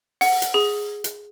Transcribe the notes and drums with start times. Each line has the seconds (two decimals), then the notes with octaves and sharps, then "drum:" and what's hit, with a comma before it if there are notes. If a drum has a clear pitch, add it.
0.21 F#5, drum: open hi-hat
0.42 drum: hi-hat
0.54 G#4
1.04 drum: hi-hat